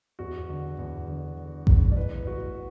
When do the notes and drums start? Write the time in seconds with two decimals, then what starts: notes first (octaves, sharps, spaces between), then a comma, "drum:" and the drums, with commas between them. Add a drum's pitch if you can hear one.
0.19 E2 F#4
0.49 D3
0.78 E2
1.08 D3
1.38 D3
1.67 E2, drum: kick A1
1.92 D5
1.97 E3 B4
2.26 A2 F#4